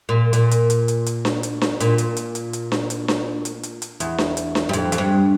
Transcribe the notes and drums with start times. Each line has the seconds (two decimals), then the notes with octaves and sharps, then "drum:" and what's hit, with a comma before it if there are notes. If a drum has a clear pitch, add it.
0.09 A#2
0.33 A#2, drum: hi-hat
0.51 drum: hi-hat
0.70 drum: hi-hat
0.88 drum: hi-hat
1.06 drum: hi-hat
1.25 drum: snare D4
1.43 drum: hi-hat
1.61 drum: snare D4
1.80 A#2, drum: hi-hat
1.98 drum: hi-hat
2.17 drum: hi-hat
2.35 drum: hi-hat
2.53 drum: hi-hat
2.72 drum: snare D4
2.90 drum: hi-hat
3.08 drum: snare D4
3.45 drum: hi-hat
3.63 drum: hi-hat
3.82 drum: hi-hat
4.00 E2, drum: hi-hat
4.18 drum: snare D4
4.37 drum: hi-hat
4.55 drum: snare D4
4.69 G2
4.73 F2, drum: hi-hat
4.92 F2, drum: hi-hat
4.98 G2